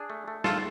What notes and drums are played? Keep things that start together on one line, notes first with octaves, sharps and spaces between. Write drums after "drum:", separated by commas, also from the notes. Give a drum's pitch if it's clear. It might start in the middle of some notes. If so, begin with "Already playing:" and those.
Already playing: D4 G#4
A3
A3
F4 A4, drum: snare